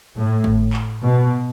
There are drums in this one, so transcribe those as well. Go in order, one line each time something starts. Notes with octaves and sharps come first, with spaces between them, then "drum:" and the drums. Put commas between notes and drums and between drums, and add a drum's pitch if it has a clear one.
A2
drum: kick G#1
drum: clap
B2